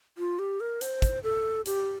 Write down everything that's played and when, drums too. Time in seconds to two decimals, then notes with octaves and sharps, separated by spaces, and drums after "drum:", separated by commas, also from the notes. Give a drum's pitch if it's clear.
0.18 F4
0.39 G4
0.60 A#4
0.81 C5, drum: hi-hat
1.02 drum: kick, hi-hat
1.23 A4
1.66 G4, drum: hi-hat